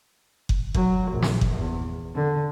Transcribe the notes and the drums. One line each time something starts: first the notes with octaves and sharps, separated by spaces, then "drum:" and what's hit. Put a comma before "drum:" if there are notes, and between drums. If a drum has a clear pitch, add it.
drum: kick F#1
F#3, drum: kick F#1
A#1
drum: snare
drum: kick F#1
E2
D3